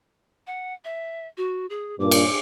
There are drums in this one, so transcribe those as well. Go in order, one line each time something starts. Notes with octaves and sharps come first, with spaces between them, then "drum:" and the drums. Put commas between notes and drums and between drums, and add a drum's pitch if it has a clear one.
F#5
E5
F#4
G#4
G2 A#2 D6
drum: cymbal